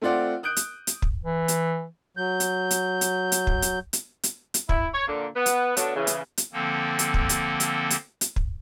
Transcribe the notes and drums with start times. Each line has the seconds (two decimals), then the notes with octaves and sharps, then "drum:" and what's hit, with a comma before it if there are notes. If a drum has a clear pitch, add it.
0.02 A3 C4 F4 D5 F#5
0.43 D#6 F#6 G6 D7
0.56 drum: hi-hat
0.87 drum: hi-hat
1.02 drum: kick
1.24 E3
1.48 drum: hi-hat
2.17 F#3 G6
2.40 drum: hi-hat
2.71 drum: hi-hat
3.01 drum: hi-hat
3.32 drum: hi-hat
3.47 drum: kick
3.62 drum: hi-hat
3.93 drum: hi-hat
4.23 drum: hi-hat
4.54 drum: hi-hat
4.69 E4, drum: kick
4.94 C#5
5.07 A#2 D3 A#3
5.36 B3 B4
5.46 drum: hi-hat
5.77 D3 A3 B3 D4 F#4 C#5, drum: hi-hat
5.95 C#3 E3
6.07 drum: hi-hat
6.38 drum: hi-hat
6.53 D3 F3 A#3 C4 A4
6.99 drum: hi-hat
7.14 drum: kick
7.29 drum: hi-hat
7.60 drum: hi-hat
7.90 drum: hi-hat
8.21 drum: hi-hat
8.36 drum: kick